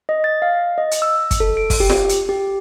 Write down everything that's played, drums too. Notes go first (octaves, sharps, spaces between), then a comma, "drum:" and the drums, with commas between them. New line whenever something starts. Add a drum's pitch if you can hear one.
D#5
A6
F5
D#5
drum: hi-hat
E6
drum: kick, hi-hat
A4
D7
drum: kick, open hi-hat
G4
drum: snare F4
drum: hi-hat
G4